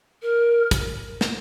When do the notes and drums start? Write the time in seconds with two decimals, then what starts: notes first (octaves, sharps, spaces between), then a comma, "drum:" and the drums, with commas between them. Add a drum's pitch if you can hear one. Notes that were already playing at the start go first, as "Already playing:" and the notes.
0.22 A#4
0.71 drum: kick, hi-hat
1.21 drum: snare